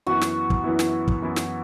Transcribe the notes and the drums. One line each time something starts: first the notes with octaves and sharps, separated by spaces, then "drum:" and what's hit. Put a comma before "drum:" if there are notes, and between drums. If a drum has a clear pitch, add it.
F#2 E3 B3 E4 F#4
drum: snare
drum: kick
F#2 E3 B3 E4
drum: snare
drum: kick
F#2 E3 B3 E4
drum: snare